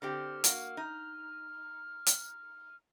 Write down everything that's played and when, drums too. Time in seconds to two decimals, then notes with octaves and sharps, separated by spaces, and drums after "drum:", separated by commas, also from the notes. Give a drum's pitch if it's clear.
0.02 D3 C4 G4 F6
0.44 A#3 F#4, drum: hi-hat
0.77 D#4
2.07 drum: hi-hat